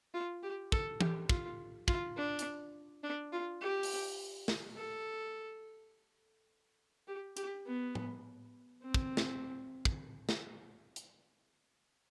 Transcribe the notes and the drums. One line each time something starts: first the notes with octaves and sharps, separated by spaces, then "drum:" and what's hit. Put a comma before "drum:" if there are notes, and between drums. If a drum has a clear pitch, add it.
F4
G4
A4, drum: kick
G4, drum: tom E3
F4, drum: kick
F4, drum: kick
D4
drum: hi-hat
D4
F4
G4
drum: open hi-hat
drum: snare
A4
G4
G4, drum: hi-hat
B3
drum: tom A2
C4
drum: kick
drum: snare
drum: kick
drum: snare
drum: hi-hat